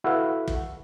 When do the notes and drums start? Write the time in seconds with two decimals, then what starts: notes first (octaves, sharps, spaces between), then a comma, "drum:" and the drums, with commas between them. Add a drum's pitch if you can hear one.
0.04 E4 F#4 A4 B4 E5 F5
0.48 drum: kick